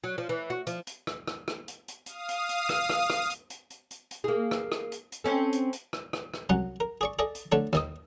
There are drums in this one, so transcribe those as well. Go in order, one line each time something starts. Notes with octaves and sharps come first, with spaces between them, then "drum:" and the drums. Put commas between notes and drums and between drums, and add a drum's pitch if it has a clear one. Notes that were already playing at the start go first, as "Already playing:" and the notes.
F#3
F3
E3
F#4
F3, drum: hi-hat
drum: hi-hat
drum: rim click
drum: rim click
drum: rim click
drum: hi-hat
drum: hi-hat
F5 D#6, drum: hi-hat
drum: hi-hat
drum: hi-hat
drum: rim click
drum: rim click
drum: rim click
drum: hi-hat
drum: hi-hat
drum: hi-hat
drum: hi-hat
drum: hi-hat
A#3 G#4
drum: rim click
drum: rim click
drum: hi-hat
drum: hi-hat
C4 C#4 A4
drum: hi-hat
drum: hi-hat
drum: rim click
drum: rim click
drum: rim click
C2 F#3 C#4 F#5
A#4
G#4 D5 C#6
G#4 A4 D5 D#5
drum: hi-hat
D3 A3 D4 C#5
D#2 D#3 D#6, drum: rim click